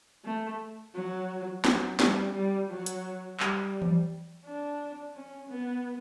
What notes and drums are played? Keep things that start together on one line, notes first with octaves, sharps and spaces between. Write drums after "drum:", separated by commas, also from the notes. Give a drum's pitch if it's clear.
A3
F#3
F#3, drum: snare
G3, drum: snare
G3
F#3
drum: hi-hat
G3, drum: clap
drum: tom E3
D4
C#4
B3